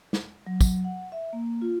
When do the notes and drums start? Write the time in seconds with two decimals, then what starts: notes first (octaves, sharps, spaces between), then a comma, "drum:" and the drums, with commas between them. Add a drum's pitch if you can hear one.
0.13 drum: snare
0.47 F#3
0.61 drum: kick, tambourine
0.84 F#5
1.12 E5
1.33 A#3
1.62 F4